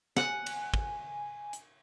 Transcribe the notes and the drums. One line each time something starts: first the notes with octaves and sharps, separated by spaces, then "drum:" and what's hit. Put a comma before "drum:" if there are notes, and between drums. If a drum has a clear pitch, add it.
F#5 G#5, drum: snare
drum: cymbal
drum: kick
drum: hi-hat